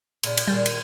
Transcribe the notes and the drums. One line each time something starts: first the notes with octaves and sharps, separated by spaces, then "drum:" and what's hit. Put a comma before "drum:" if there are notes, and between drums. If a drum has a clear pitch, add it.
A#2 C#3, drum: cymbal
drum: cymbal
A#2 D#3 G3 G#4
drum: cymbal